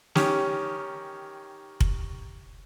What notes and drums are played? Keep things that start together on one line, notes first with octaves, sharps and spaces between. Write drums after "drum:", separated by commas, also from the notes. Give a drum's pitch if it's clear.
D#3 C#4 G4, drum: snare
drum: kick F1